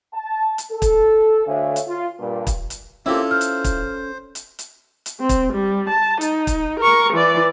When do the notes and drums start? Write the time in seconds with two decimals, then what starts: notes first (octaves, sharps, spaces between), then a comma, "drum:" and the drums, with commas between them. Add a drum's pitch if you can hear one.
0.14 A5
0.58 drum: hi-hat
0.72 A4
0.82 drum: kick, hi-hat
1.47 D2 D3 C#5 E5 F5 G#5
1.76 drum: hi-hat
1.88 F4
2.20 G2 A#2
2.47 drum: kick, hi-hat
2.70 drum: hi-hat
3.06 A#3 C4 C#4 E4 F4 G4 A4
3.31 C5 F6
3.41 drum: hi-hat
3.64 drum: kick, hi-hat
4.35 drum: hi-hat
4.59 drum: hi-hat
5.06 drum: hi-hat
5.20 C4
5.29 drum: kick, hi-hat
5.53 G3
5.89 A5
6.21 D#4, drum: hi-hat
6.47 drum: kick, hi-hat
6.80 A#4 C#6
7.13 E3 D5